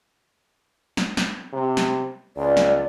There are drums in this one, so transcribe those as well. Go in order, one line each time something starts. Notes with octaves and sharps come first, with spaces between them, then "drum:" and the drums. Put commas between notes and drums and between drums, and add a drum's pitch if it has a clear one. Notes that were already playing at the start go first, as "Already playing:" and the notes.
drum: snare
drum: snare
C3
drum: snare
C#2 D5
drum: snare